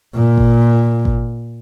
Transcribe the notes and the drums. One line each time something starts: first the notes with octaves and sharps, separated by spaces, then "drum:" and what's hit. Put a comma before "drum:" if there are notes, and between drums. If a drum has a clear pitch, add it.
A#2
drum: kick G#1
drum: kick G#1